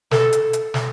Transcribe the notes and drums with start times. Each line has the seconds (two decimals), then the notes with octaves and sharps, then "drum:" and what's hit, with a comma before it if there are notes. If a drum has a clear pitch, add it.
0.11 A4, drum: snare
0.33 drum: hi-hat
0.53 drum: hi-hat
0.74 drum: snare